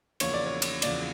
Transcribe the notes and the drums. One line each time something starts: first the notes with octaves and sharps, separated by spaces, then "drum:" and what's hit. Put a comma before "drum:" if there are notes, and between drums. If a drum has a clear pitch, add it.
E2 C#3 F3 A#3 C#5, drum: cymbal
D5
C#5
drum: cymbal
E2 C#3 F3 A#3 D5, drum: cymbal